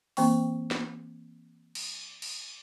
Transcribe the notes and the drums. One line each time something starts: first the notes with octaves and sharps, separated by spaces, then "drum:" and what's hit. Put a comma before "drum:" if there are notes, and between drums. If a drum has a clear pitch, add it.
E3 A#3 C4 G5 C#6, drum: open hi-hat
drum: snare
drum: cymbal
drum: cymbal